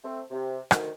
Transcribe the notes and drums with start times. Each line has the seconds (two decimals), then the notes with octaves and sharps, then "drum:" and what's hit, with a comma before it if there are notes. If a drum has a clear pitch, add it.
0.03 A3 C4
0.31 C3
0.71 D2 D#3, drum: rim click